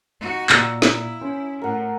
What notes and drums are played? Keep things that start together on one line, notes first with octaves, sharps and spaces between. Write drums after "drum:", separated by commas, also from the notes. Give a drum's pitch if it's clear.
D#4 F#4
A#2 A#5 D6 E6, drum: clap
E4 D#6, drum: snare
C#4 C5
A2 A#4 F#5